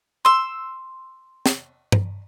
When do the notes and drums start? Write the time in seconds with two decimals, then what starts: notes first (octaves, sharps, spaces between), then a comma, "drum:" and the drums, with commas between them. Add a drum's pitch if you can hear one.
0.25 C6 E6
1.46 drum: snare
1.92 drum: tom